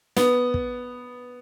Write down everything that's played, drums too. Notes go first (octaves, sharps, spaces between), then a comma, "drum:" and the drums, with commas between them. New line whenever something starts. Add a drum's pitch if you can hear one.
B3, drum: snare
drum: kick